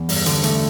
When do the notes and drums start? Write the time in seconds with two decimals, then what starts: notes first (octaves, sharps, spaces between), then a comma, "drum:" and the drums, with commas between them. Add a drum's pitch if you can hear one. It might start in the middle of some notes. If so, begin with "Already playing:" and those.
Already playing: E2
0.09 G2, drum: open hi-hat
0.26 D3, drum: hi-hat
0.43 A3, drum: hi-hat